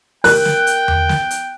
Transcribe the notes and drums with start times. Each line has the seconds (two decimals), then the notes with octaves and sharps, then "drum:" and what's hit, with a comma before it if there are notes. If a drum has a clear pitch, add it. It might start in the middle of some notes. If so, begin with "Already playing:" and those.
0.24 A#4 G5 F#6, drum: open hi-hat
0.45 drum: snare
0.67 drum: hi-hat
0.88 drum: tom E2
1.09 drum: snare
1.31 drum: hi-hat